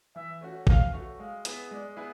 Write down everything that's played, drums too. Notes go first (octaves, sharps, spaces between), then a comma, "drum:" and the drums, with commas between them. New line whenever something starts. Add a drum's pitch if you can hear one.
E3 E5
A3 C#4 F#4
E3 F5, drum: kick
A3 C#4 F#4
G#3 F5
B3 E4 G#4 B4, drum: hi-hat
G#3 D5
B3 E4 G#4 B4